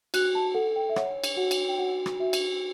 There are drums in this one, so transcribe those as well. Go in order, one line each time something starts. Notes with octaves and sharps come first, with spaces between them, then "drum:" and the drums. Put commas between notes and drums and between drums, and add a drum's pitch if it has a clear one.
F#4 F#6, drum: cymbal
A5
A4 F#5
G5
E5
C#5 F#5, drum: rim click
drum: cymbal
F#4 F#5
drum: cymbal
G5
F#4 F#5
drum: rim click
F#4 E5
drum: cymbal